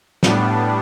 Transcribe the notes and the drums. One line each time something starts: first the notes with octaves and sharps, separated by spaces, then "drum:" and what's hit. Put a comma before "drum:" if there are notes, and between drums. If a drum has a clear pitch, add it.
A2 G3 B3 D4, drum: snare